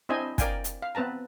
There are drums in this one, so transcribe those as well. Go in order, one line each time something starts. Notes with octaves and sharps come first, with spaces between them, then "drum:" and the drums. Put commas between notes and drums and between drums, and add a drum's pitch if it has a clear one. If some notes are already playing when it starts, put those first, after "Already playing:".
C4 D4 E4 C5 D#5 G#5
A#4 D5 F5 G5 G#5, drum: kick, hi-hat
drum: hi-hat
F5
B3 C4 B4 A5 A#5